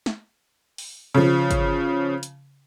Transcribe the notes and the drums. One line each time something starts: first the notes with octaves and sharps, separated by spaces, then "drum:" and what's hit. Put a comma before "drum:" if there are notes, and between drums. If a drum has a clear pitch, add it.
drum: snare
drum: open hi-hat
C#3 F3
drum: kick, hi-hat
drum: hi-hat